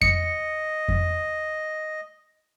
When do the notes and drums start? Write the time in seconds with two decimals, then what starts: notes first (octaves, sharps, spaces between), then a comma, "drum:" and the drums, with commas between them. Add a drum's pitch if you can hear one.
0.02 D#5 C#7, drum: kick F2
0.88 drum: kick F2